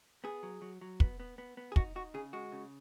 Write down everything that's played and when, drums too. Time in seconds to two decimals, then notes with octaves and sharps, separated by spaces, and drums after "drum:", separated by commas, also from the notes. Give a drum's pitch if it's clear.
0.24 B3 G#4
0.43 F#3
0.62 F#3
0.81 F#3
1.00 B3, drum: kick
1.20 B3
1.38 B3
1.57 B3
1.72 G#4
1.76 D#4 F#4, drum: kick
1.95 D#4 F#4
2.14 C#3 G#4
2.33 G#3 F#4
2.52 C#3